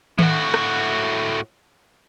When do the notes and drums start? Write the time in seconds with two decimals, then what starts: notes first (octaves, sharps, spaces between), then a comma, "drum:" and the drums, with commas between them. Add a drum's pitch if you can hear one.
0.19 A2 F#4, drum: tom D#3
0.54 drum: rim click